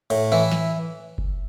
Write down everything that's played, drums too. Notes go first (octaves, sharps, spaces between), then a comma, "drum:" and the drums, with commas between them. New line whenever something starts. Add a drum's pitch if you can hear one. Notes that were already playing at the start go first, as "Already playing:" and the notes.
A2, drum: cymbal
E3 E4
drum: snare
drum: kick F#1